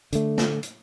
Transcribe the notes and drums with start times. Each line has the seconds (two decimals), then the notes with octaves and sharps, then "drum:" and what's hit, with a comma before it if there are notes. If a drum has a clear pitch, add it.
0.13 D3 A3, drum: hi-hat
0.38 drum: snare
0.63 drum: hi-hat